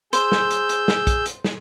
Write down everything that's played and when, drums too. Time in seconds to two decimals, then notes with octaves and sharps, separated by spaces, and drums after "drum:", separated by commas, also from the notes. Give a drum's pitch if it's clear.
0.13 G#4 C5 E6 G6, drum: hi-hat
0.32 drum: snare
0.50 drum: hi-hat
0.69 drum: hi-hat
0.88 drum: snare
1.07 drum: kick, hi-hat
1.26 drum: hi-hat
1.44 drum: snare